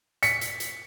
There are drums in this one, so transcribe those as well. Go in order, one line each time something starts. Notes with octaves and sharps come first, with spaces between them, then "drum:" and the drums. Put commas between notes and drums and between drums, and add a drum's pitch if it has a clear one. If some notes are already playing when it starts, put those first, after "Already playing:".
B6 C#7, drum: hi-hat
drum: hi-hat
drum: hi-hat